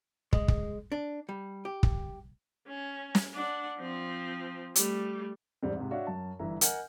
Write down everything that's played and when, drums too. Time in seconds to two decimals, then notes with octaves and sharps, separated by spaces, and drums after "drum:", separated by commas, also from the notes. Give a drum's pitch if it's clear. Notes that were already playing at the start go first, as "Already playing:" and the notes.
0.33 G#3, drum: kick
0.48 drum: kick
0.92 D4
1.29 G3
1.65 G4
1.83 drum: kick
2.68 C#4
3.15 drum: snare
3.34 D4 F#5
3.79 F3 C4
4.76 G3 A3, drum: hi-hat
5.63 E2 G#2 G3 C4
5.76 G#2 C3
5.91 D4 F#4 C#5 E5 F5
6.07 F#2 A5
6.39 G1 E3 E5 A#5
6.61 A#4 D#5 F#5 G#5 F6 G6, drum: hi-hat